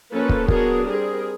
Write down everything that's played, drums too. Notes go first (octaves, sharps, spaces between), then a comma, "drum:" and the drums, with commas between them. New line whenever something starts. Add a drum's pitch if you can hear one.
F3 A#3 C#4 A4 B4
drum: kick
F#3 B3 D4 G#4 A#4, drum: kick
G3 C4 G#4 A#4